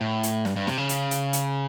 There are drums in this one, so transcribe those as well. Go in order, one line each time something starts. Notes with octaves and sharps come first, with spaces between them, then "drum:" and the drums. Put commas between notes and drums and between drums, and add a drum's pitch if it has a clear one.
A2
drum: hi-hat
G2, drum: snare
G2
C3, drum: snare
C#3
drum: hi-hat
drum: hi-hat
drum: hi-hat